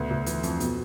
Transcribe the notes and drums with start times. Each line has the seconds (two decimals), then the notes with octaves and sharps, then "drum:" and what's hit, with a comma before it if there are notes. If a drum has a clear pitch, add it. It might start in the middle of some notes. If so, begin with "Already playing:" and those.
Already playing: D2 B3
0.10 D2
0.26 E3, drum: hi-hat
0.43 F2, drum: hi-hat
0.60 B2, drum: hi-hat